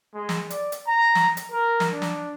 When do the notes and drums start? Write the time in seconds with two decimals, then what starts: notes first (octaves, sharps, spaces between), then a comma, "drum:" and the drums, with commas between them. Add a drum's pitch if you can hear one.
0.14 G#3
0.29 drum: snare
0.50 D5, drum: hi-hat
0.72 drum: hi-hat
0.88 A#5
1.15 drum: snare
1.37 drum: hi-hat
1.52 A#4
1.80 drum: snare
1.91 D4
2.02 drum: snare